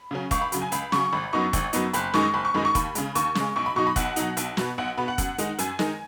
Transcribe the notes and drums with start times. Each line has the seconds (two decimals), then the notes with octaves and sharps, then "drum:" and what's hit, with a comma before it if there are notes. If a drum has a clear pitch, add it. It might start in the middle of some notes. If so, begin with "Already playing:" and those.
Already playing: B5
0.11 C#3 F#3 C#4
0.31 C#2 C#6, drum: kick F1, hi-hat
0.41 B5
0.52 C#3 F#3 B5, drum: hi-hat
0.62 G#5
0.72 C#2 B5, drum: hi-hat
0.92 C#3 F#3 C#6, drum: snare
1.13 G#1 B5
1.33 F#2 F#3 B3 D#4 C#6
1.53 G#1, drum: kick F1, hi-hat
1.73 F#2 F#3 B3 D#4, drum: hi-hat
1.93 F#1 B5, drum: hi-hat
2.14 F#2 D#3 G#3 D#4 C#6, drum: snare
2.34 F#1 B5
2.45 C#6
2.54 F#2 D#3 G#3 D#4 B5
2.65 C#6
2.75 D#2 B5, drum: kick F1, hi-hat
2.95 C#3 G#3 B5, drum: hi-hat
3.15 D#2 C#6, drum: hi-hat
3.35 C#3 G#3, drum: snare
3.56 B1 C#6
3.66 B5
3.76 B2 F#3 D#4 C#6
3.87 B5
3.96 B1 F#5, drum: kick F1, hi-hat
4.16 B2 F#3 D#4, drum: hi-hat
4.37 B1, drum: hi-hat
4.57 B2 B3, drum: snare
4.78 B1 F#5
4.97 B2 B3 B5
5.08 F#5
5.18 F#2, drum: kick F1, hi-hat
5.38 D#3 G#3 D#4, drum: hi-hat
5.59 F#2 G#5, drum: hi-hat
5.79 D#3 G#3 D#4, drum: snare